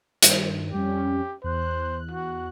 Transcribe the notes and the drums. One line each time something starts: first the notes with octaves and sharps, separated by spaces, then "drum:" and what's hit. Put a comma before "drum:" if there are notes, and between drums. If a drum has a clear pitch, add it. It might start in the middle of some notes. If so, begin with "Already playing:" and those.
G2 D#3, drum: hi-hat
F2 G3 C#4 G4
E2 C5 F#6
F#4